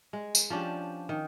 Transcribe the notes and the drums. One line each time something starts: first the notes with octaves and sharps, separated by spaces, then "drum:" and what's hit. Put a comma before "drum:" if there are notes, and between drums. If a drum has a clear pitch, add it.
G#3
drum: tambourine
F3 C#4 D4 G4
D#3